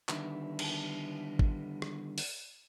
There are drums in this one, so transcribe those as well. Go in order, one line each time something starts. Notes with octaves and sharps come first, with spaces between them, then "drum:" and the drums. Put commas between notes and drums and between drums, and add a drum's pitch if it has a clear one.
D3 D#3 G3 B3 E4, drum: clap
drum: cymbal
drum: kick G#1
drum: rim click
drum: open hi-hat